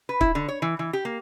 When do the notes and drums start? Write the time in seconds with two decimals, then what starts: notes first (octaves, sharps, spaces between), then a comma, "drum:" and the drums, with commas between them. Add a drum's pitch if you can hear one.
0.09 B4
0.21 E4, drum: kick
0.35 D3
0.48 C#5
0.62 E3
0.79 E3
0.93 G4
1.05 A#3